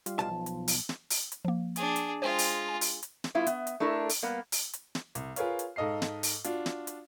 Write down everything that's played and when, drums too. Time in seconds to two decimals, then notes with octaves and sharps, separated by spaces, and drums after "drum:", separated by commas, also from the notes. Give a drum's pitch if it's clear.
0.06 G3 F4, drum: hi-hat
0.19 B1 A5
0.31 F3
0.46 drum: hi-hat
0.68 drum: open hi-hat
0.89 drum: snare
1.10 drum: open hi-hat
1.32 drum: hi-hat
1.45 F3 A#3
1.76 D4 G#4, drum: hi-hat
1.96 drum: hi-hat
2.22 G#3 F4 C5 G5
2.38 drum: open hi-hat
2.69 G#5
2.81 drum: open hi-hat
3.03 drum: hi-hat
3.24 drum: snare
3.35 G3 B3 E4 F4
3.47 B3, drum: hi-hat
3.67 drum: hi-hat
3.80 A3 D4 E4 A4 A#4
4.09 drum: open hi-hat
4.22 G3 A#3 B3
4.52 drum: open hi-hat
4.73 drum: hi-hat
4.95 drum: snare
5.15 C2, drum: hi-hat
5.36 F4 G#4 A#4 B4 C#5 F5, drum: hi-hat
5.59 drum: hi-hat
5.76 G#2 A4 D#5 F5 C7
6.02 drum: snare
6.23 drum: open hi-hat
6.44 D4 F4 F#4, drum: hi-hat
6.66 drum: snare
6.87 drum: hi-hat